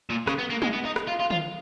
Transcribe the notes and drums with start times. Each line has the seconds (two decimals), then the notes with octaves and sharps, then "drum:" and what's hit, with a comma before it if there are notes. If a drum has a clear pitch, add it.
0.10 A#2
0.27 C#3, drum: rim click
0.39 B3
0.50 A#3
0.62 G#3, drum: tom G#3
0.73 B3
0.85 D#4
0.96 drum: rim click
1.07 F4
1.20 F4
1.30 F4, drum: tom